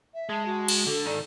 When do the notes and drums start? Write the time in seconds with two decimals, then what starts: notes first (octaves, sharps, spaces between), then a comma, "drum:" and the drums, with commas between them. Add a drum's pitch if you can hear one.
0.14 E5
0.29 G#3 A5
0.46 F#4
0.68 drum: cymbal
0.87 D3 A4
1.06 G#2 D#3 D5